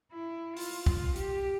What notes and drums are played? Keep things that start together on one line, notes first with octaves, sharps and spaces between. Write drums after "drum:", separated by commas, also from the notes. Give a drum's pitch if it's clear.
E4
F4, drum: open hi-hat
F4, drum: kick
G4, drum: hi-hat